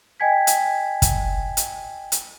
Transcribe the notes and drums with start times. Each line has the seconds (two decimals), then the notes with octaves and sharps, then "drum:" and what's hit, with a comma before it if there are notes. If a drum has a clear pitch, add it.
0.20 D#5 G5 G#5 G#6 B6
0.47 drum: hi-hat
1.02 drum: kick, hi-hat
1.57 drum: hi-hat
2.12 drum: hi-hat